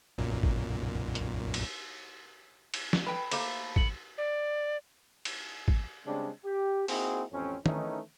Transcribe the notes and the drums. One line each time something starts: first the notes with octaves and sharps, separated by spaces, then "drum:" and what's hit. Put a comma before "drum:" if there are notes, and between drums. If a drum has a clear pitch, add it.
B1 F#2 A#2
drum: kick
drum: hi-hat
drum: cymbal
drum: cymbal
drum: snare
B4 G5 B5
A3 A#3 C5, drum: cymbal
C#7 F#7, drum: kick
D5
drum: cymbal
drum: kick
C#3 G3 G#3 C4 D4
G4
A#3 C4 D#4 E4 F#4 G#4, drum: open hi-hat
A1 F2 C4 C#4
D#3 E3 A3 C#4 D#4, drum: tom